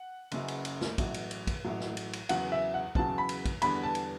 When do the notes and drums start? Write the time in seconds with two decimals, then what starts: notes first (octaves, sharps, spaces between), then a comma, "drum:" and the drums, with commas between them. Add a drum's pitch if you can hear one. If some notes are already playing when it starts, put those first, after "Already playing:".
Already playing: F#5
0.32 F#1 F#2 C#3, drum: cymbal
0.48 drum: cymbal
0.65 drum: cymbal
0.81 drum: snare
0.98 A1 A2 F#3, drum: kick, cymbal
1.14 drum: cymbal
1.31 drum: cymbal
1.47 drum: kick, cymbal
1.64 A1 A2 F#3
1.80 drum: snare
1.97 drum: cymbal
2.13 drum: cymbal
2.29 E2 C#3 F#3 F#5, drum: cymbal
2.52 E5
2.74 F#5
2.95 E2 C#3 F#3 A5, drum: kick
3.18 B5
3.29 drum: cymbal
3.45 drum: kick, cymbal
3.62 E2 D3 G3 B3 B5, drum: cymbal
3.83 A5
3.95 drum: cymbal